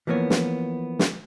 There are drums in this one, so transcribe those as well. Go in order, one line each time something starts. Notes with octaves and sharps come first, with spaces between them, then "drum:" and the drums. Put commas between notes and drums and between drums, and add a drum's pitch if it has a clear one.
E3 F3 A#3 B3 C#5
drum: snare
drum: snare